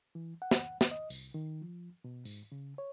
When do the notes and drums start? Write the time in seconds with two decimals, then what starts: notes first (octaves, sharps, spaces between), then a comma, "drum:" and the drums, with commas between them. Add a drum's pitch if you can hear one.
0.15 E3
0.42 F#5
0.51 drum: snare
0.81 drum: snare
0.91 D#5
1.10 C2, drum: tambourine
1.34 D#3
1.62 F3
2.04 B2
2.25 G#2, drum: tambourine
2.52 C#3
2.78 C#5